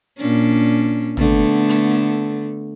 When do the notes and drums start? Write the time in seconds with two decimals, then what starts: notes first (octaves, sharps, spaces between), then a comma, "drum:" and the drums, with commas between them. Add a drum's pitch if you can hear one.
0.18 A#2 C#4 D4
1.17 D3 A3 B3, drum: tom
1.69 drum: hi-hat